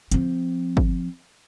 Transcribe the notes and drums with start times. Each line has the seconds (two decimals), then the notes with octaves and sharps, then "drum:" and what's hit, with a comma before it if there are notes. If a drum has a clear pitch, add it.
0.12 F3 C4, drum: hi-hat
0.77 drum: kick G1